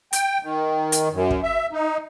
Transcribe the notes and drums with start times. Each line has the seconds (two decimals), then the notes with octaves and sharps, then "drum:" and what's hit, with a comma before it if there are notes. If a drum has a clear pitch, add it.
0.13 G5, drum: hi-hat
0.43 D#3
0.92 drum: hi-hat
1.12 F#2
1.31 drum: kick
1.43 E5
1.72 D#4